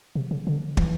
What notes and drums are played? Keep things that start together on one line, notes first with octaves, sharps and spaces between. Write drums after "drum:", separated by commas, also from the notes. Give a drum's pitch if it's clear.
C3
C#3
D3
E3, drum: kick